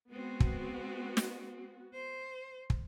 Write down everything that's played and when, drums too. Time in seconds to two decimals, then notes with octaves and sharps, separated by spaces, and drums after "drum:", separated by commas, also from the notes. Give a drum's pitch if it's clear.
0.11 G#3 B3 C4 F#4
0.40 drum: kick
1.17 drum: snare
1.93 C5
2.70 drum: kick